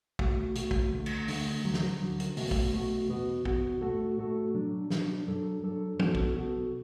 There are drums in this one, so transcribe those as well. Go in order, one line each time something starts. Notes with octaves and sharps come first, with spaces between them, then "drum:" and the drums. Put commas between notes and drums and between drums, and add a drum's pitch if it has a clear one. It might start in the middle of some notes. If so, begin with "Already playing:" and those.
B2 A3 F#4, drum: kick
B2 A3 F#4, drum: hi-hat
drum: kick
D2 D3 A3
drum: cymbal
D2 D3 A3, drum: open hi-hat
D2 D3 F#3
drum: snare
D2 D3 F#3
drum: hi-hat
B2 A3 F#4, drum: open hi-hat
drum: kick
B2 A3 F#4
E2 B2 B3 F#4
E2 B2 B3 F#4, drum: kick
A2 A3 F#4 A4
A2 A3 F#4 A4
B2 F#3 D4
B2 F#3 D4, drum: snare
F#2 F#3 D4 A4
F#2 F#3 D4 A4
B2 B3 F#4 A4, drum: tom F3
drum: kick
B2 B3 F#4 A4